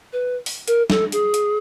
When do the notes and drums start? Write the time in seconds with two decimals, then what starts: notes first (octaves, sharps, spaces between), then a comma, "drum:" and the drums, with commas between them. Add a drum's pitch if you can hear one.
0.13 B4
0.46 drum: open hi-hat
0.68 A#4, drum: hi-hat
0.90 A4, drum: snare
1.12 G#4, drum: hi-hat
1.34 drum: hi-hat